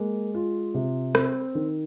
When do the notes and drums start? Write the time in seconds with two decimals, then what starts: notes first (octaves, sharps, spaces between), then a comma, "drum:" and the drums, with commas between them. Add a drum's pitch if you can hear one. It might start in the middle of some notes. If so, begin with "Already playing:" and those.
Already playing: G#3 A#3
0.34 F4
0.74 C3
1.15 C4, drum: rim click
1.55 D#3